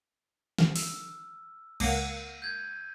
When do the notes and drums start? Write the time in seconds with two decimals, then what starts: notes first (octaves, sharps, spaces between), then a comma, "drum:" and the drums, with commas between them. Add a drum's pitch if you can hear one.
0.59 F6, drum: snare
0.76 E6, drum: open hi-hat
1.80 C#2 A#3 F#5 C7 D#7, drum: cymbal
2.42 G6 G#6